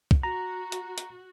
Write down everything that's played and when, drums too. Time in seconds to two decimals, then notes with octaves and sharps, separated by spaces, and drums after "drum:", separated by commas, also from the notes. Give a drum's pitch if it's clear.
0.11 drum: kick
0.23 F#4 A#5
0.72 drum: hi-hat
0.98 drum: hi-hat